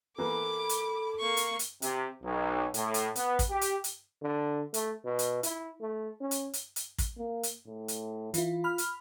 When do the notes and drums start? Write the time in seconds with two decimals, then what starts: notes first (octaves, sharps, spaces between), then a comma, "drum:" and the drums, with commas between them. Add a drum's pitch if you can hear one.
0.18 E3 A#3 B3 A4 B5 D6
0.69 drum: hi-hat
1.19 A#3 C#6
1.37 drum: hi-hat
1.59 drum: hi-hat
1.82 C3, drum: hi-hat
2.22 B1
2.74 A2, drum: hi-hat
2.94 drum: hi-hat
3.16 B3, drum: hi-hat
3.39 drum: kick, hi-hat
3.50 G4
3.61 drum: hi-hat
3.84 drum: hi-hat
4.22 D3
4.74 A3, drum: hi-hat
5.04 B2
5.19 drum: hi-hat
5.43 E4, drum: hi-hat
5.81 A3
6.21 C#4
6.31 drum: hi-hat
6.53 drum: hi-hat
6.76 drum: hi-hat
6.98 drum: kick, hi-hat
7.17 A#3
7.43 drum: hi-hat
7.67 A2
7.88 drum: hi-hat
8.34 E3 E4 F4, drum: hi-hat
8.64 B5 F6
8.78 drum: hi-hat